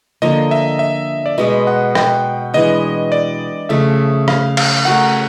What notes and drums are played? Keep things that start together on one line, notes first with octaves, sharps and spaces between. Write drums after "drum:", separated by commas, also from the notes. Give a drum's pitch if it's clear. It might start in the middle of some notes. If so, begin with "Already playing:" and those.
D3 F3 A#3 D#5
E5
E5
D5
B2 G#3 B3 D#5
F#5
G5, drum: rim click
E3 G#3 B3 D4 D#5
D5
C#3 F3 A3 E5
F5, drum: rim click
F5, drum: cymbal
A3 C#4 F#4 A#4 F#5